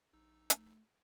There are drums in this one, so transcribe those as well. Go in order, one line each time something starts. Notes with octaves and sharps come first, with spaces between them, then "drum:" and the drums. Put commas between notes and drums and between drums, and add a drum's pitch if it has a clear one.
A#1 D#4 E6
A3, drum: hi-hat